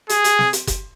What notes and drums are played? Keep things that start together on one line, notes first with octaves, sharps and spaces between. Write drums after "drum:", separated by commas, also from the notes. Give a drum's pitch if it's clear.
G#4, drum: hi-hat
drum: hi-hat
drum: snare
drum: hi-hat
drum: kick F#1, hi-hat